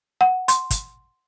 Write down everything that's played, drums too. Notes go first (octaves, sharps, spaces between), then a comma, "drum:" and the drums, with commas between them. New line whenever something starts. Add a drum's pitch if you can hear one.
F#5
C6, drum: hi-hat
drum: kick, hi-hat